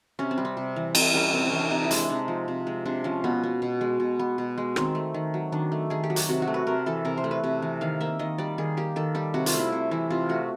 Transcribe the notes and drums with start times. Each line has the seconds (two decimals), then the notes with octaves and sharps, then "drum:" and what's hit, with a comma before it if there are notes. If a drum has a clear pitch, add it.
0.19 C3 C#4
0.31 C4
0.38 G3
0.45 C4
0.57 C3
0.76 E3
0.95 C3 C4, drum: cymbal
1.14 G3 C#4
1.33 C3 C4
1.46 C#4
1.52 E3
1.59 D4
1.71 C3 D#4
1.84 E4
1.91 G#3, drum: hi-hat
1.97 D4
2.09 C3 D#4
2.28 F3
2.48 C3
2.67 G#3
2.85 C3 D4
3.04 F3 C#4
3.24 B2 B3
3.44 B3
3.62 B2
3.81 G#3
4.00 B2
4.19 B3
4.38 B2
4.58 G#3
4.76 D#3 C4, drum: rim click
4.95 A3
5.14 D#3
5.34 F#3
5.52 D#3 D4
5.72 A3
5.90 D#3 G#4
6.04 G4
6.10 F#3
6.16 F#4, drum: hi-hat
6.29 C3 F#4
6.42 F#4
6.48 A3
6.54 B4
6.67 C3 A#4
6.86 E3 A4
7.05 C3 A#4
7.17 C5
7.24 A3
7.31 B4
7.44 C3
7.62 E3
7.81 D#3 F5
8.00 A#3 E5
8.19 D#3 D#5
8.38 G3 D5
8.58 D#3 G#4
8.77 A#3 G4
8.96 D#3 A4
9.15 G3 G4
9.34 C3 F#4
9.46 F4, drum: hi-hat
9.53 A3
9.59 E4
9.72 C3
9.91 E3 E4
10.10 C3 F4
10.29 A3 F#4